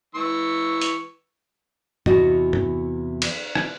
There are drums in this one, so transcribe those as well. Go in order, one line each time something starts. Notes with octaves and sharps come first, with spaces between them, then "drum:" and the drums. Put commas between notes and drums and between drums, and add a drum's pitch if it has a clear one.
E3 C#6 E6
drum: hi-hat
E2 C3 E3 F4 F#4 D#5, drum: tom
drum: tom
drum: cymbal
drum: rim click